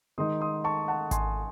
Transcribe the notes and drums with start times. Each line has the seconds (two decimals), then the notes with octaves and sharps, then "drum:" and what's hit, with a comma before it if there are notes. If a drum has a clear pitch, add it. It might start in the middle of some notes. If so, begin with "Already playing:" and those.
0.18 D#3 G#3 D#4 C6 D#6
0.41 C6 D#6
0.64 A5 C#6
0.88 F#5 A5
1.11 G#5 C6, drum: kick G#1, hi-hat